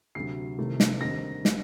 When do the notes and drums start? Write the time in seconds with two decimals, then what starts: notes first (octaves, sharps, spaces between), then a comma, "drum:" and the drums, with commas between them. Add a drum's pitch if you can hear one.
0.15 D2 C3 F#3 C7
0.58 C2 C3 D#3 A3
0.80 drum: snare
1.01 D#2 D3 G3 C4 D#4 A#6
1.45 D3 G3, drum: snare